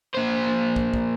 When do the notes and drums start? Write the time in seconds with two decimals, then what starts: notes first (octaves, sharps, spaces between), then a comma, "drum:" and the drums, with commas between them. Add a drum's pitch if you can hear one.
0.14 A#2 C5
0.76 drum: kick
0.94 drum: kick